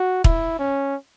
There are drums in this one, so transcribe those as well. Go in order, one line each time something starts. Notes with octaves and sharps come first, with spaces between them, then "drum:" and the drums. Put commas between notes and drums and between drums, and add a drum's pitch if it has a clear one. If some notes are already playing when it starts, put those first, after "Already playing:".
Already playing: F#4
E4, drum: kick
C#4